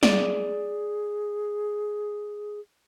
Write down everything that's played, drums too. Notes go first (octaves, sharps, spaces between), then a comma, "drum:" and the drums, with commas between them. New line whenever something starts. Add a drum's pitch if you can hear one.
G#4 D5, drum: snare